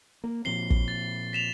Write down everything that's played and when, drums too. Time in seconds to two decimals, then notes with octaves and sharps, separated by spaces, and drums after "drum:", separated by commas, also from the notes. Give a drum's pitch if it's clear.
0.24 A#3
0.45 A#2 F3 C4 C7 G7
0.70 drum: kick
0.88 A6
1.33 B6 E7 F7